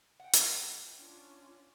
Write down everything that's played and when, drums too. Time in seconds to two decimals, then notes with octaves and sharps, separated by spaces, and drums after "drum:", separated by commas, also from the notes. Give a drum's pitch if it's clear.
0.20 F#5 G5
0.33 drum: hi-hat
0.98 C#4 D4 F4